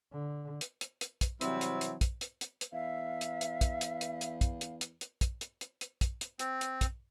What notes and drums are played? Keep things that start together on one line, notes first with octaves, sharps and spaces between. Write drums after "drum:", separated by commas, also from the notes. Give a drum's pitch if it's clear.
D3
drum: hi-hat
drum: hi-hat
drum: hi-hat
drum: kick, hi-hat
C3 E3 F#3 G3 C4 E4, drum: hi-hat
drum: hi-hat
drum: hi-hat
drum: kick, hi-hat
drum: hi-hat
drum: hi-hat
drum: hi-hat
E2 E5 F5
drum: hi-hat
drum: hi-hat
drum: kick, hi-hat
drum: hi-hat
drum: hi-hat
drum: hi-hat
drum: kick, hi-hat
drum: hi-hat
drum: hi-hat
drum: hi-hat
drum: kick, hi-hat
drum: hi-hat
drum: hi-hat
drum: hi-hat
drum: kick, hi-hat
drum: hi-hat
C4, drum: hi-hat
drum: hi-hat
drum: kick, hi-hat